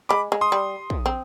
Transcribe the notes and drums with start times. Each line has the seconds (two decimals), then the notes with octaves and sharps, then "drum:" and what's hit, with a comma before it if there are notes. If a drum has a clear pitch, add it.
0.09 G#3 B5 D6
0.32 G#3
0.41 C6 D#6
0.52 G3
0.90 drum: kick
1.06 C4